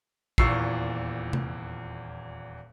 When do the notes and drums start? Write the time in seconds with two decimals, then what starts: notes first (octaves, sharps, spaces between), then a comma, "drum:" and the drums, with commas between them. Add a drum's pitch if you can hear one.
0.38 D#1 E2 A#2 C#6 E6 C7, drum: kick
1.33 drum: tom C3